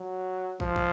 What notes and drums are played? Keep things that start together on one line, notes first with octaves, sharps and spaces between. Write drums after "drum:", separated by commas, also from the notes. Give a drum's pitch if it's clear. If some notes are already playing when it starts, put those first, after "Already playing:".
Already playing: F#3
F3, drum: kick
drum: kick